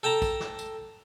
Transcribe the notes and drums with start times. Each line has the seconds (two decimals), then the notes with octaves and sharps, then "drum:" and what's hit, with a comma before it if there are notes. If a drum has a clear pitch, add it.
0.03 A4 G5 A5 A#5
0.22 drum: kick, tambourine
0.40 drum: snare
0.59 drum: tambourine